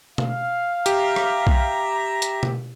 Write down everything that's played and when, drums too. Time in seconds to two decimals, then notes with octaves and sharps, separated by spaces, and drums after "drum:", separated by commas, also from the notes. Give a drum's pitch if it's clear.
0.18 F5, drum: tom B2
0.86 G4 E5 A#5, drum: hi-hat
1.16 drum: rim click
1.47 drum: kick B1
2.22 drum: hi-hat
2.43 drum: tom B2